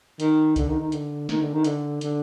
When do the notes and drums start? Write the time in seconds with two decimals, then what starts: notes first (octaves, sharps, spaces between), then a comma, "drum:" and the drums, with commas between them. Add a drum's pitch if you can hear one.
0.20 D#3, drum: hi-hat
0.56 D3, drum: kick C2, hi-hat
0.68 D#3
0.80 D#3
0.92 D3, drum: hi-hat
1.29 D#3, drum: snare
1.41 D3
1.53 D#3
1.64 D3, drum: hi-hat
2.01 D3, drum: hi-hat